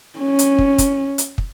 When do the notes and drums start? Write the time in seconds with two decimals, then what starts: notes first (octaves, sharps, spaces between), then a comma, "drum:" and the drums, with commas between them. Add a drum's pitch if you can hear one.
0.19 C#4
0.39 drum: hi-hat
0.59 drum: kick
0.78 drum: kick, hi-hat
1.18 drum: hi-hat
1.38 drum: kick